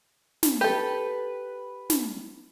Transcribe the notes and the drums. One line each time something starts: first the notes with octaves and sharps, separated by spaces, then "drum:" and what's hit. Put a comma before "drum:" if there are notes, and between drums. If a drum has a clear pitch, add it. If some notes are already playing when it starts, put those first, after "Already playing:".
drum: snare
G4 A4 B4
drum: snare